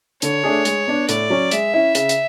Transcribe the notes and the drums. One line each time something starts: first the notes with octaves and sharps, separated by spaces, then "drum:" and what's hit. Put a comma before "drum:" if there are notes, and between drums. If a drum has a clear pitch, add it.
D3 C#5, drum: hi-hat
A3 D4 G#4
G#3, drum: hi-hat
B3 D4
A2 D5, drum: hi-hat
F#3 C#4
G#3 E5, drum: hi-hat
C#4 E4
C#3, drum: hi-hat
drum: hi-hat